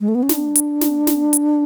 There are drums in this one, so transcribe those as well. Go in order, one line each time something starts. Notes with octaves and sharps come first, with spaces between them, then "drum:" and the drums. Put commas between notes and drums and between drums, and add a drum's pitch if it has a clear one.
G#3
A3
B3
C#4
D4, drum: snare
drum: hi-hat
drum: snare
drum: snare
drum: hi-hat